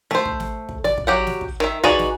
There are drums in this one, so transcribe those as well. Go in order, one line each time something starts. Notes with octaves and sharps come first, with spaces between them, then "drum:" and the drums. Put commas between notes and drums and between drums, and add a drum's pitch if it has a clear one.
A3 C5, drum: snare
drum: kick
drum: snare
drum: kick
D5, drum: snare
drum: kick
F#3 G4 F#5
drum: snare
drum: kick
D#3 E5
D#4 F#4 G#4 B4 D5, drum: kick
drum: snare